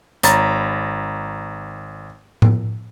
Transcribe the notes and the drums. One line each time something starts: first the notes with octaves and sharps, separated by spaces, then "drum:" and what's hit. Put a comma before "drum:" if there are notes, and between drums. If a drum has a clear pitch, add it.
G#1 C#5 A#5 B5 A6, drum: hi-hat
drum: tom A2